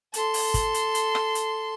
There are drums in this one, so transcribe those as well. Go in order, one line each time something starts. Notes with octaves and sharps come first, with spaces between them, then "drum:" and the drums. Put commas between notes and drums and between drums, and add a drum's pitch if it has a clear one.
A4 C6, drum: hi-hat
drum: open hi-hat
drum: kick, hi-hat
drum: hi-hat
drum: hi-hat
drum: rim click
drum: hi-hat